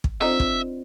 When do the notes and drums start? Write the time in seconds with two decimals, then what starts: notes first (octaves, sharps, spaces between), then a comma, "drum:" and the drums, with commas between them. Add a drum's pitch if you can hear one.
0.04 drum: kick
0.21 D3 C4 D#4 F4 C5 E5
0.40 drum: kick